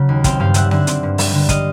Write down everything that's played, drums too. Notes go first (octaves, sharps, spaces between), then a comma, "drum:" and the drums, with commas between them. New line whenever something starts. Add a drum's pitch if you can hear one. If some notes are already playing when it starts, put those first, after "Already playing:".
Already playing: C#3 F#3
D#2
C4 F5 G5, drum: kick, hi-hat
G2 F5 G5
G3 E5 F#5, drum: hi-hat
D3 E5 F#5, drum: snare C4
C4, drum: hi-hat
G2
G3, drum: open hi-hat
D3
D#5 F5, drum: kick, hi-hat